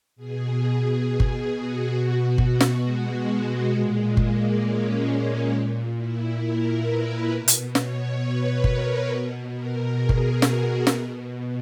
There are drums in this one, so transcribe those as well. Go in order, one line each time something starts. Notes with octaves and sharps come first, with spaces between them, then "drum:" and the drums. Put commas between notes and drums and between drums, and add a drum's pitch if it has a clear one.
B2 G#4
drum: kick G1
F#4
B2 F#4
drum: kick G1
drum: snare
G#3
A#2 G#3
A#3, drum: kick G1
C#4
A#2
E4
A#4
B4
B2
drum: hi-hat
C#5, drum: snare
B4
A#4, drum: kick G1
B2
A#4
G#4
drum: kick G1
F#4, drum: snare
B2, drum: snare